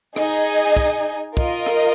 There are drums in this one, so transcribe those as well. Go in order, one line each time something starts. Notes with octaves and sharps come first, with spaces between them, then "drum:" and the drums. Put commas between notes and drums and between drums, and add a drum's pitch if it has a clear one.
D#4 G#4 D#5 G#5, drum: rim click
drum: kick
F4 A#4 D#5, drum: kick
drum: rim click